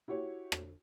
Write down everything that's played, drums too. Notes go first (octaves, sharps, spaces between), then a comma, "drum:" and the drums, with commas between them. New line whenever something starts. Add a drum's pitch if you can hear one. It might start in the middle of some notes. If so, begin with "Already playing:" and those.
E4 F#4 G4 C#5
drum: rim click